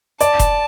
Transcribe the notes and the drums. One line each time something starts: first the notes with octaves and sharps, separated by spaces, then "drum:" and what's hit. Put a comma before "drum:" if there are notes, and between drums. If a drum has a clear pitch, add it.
D5 A5, drum: hi-hat
drum: kick F1, hi-hat